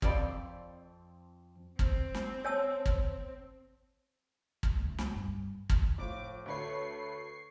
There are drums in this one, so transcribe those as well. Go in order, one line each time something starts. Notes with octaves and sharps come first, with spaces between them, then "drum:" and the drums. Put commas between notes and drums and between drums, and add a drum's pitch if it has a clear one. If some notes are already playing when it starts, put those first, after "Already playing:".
F2 C4 D5 B5, drum: kick
C4, drum: kick
drum: snare
C#5 A5 E6
drum: kick
drum: kick
D2
drum: snare
G2
drum: kick
A2 F3 D6
D2 A4 B4 C#5 C#6 C7